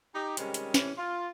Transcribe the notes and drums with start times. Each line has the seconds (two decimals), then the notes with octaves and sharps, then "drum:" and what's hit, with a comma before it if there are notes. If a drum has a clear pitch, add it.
0.14 D#4 G4
0.37 C3 D#3 G3 G#3 C#4, drum: hi-hat
0.54 drum: hi-hat
0.74 A2 C3 E3 C#4, drum: snare
0.97 F4